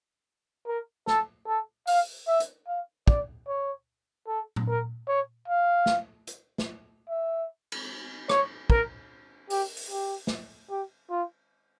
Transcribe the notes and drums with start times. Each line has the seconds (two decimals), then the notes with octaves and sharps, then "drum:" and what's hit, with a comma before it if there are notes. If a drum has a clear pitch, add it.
0.67 A#4
1.07 A4, drum: snare
1.47 A4
1.87 F5, drum: open hi-hat
2.27 E5
2.40 drum: hi-hat
2.67 F5
3.08 D5, drum: kick
3.48 C#5
4.28 A4
4.56 drum: tom A#2
4.68 A#4
5.08 C#5
5.48 F5
5.86 drum: snare
6.27 drum: hi-hat
6.58 drum: snare
7.09 E5
7.72 drum: cymbal
8.29 C#5, drum: rim click
8.70 A#4, drum: kick
9.50 G4, drum: open hi-hat
9.77 drum: open hi-hat
9.91 G4
10.27 drum: snare
10.70 G4
11.10 F4